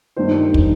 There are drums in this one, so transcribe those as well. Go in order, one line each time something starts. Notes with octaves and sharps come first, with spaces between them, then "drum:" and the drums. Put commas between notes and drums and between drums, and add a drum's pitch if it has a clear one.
G2 D#3 C5
D#3, drum: kick